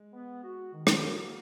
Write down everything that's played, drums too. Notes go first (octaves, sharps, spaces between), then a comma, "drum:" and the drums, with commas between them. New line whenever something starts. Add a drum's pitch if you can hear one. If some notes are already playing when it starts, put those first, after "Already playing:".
Already playing: G#3
B3
F#4
D#3
drum: rim click
A#3 F#4